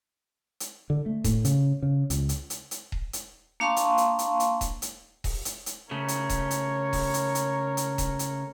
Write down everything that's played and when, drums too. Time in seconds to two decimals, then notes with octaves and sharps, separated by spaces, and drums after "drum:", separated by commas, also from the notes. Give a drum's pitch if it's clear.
0.60 drum: hi-hat
0.90 D3
1.06 A3
1.24 A2, drum: kick D#1, hi-hat
1.45 C#3, drum: hi-hat
1.82 C#3
2.10 C#2, drum: hi-hat
2.29 drum: hi-hat
2.50 drum: hi-hat
2.71 drum: hi-hat
2.92 drum: kick D#1
3.13 drum: hi-hat
3.60 A#3 D4 F5 A5 C6 C#6
3.76 drum: hi-hat
3.98 drum: hi-hat
4.19 drum: hi-hat
4.40 drum: hi-hat
4.61 drum: kick D#1, hi-hat
4.82 drum: hi-hat
5.24 drum: kick D#1, open hi-hat
5.45 drum: hi-hat
5.66 drum: hi-hat
5.91 C#3 A3 A#4 C#5
6.08 drum: hi-hat
6.29 drum: kick D#1, hi-hat
6.51 drum: hi-hat
6.93 drum: kick D#1, open hi-hat
7.14 drum: hi-hat
7.35 drum: hi-hat
7.77 drum: hi-hat
7.98 drum: kick D#1, hi-hat
8.19 drum: hi-hat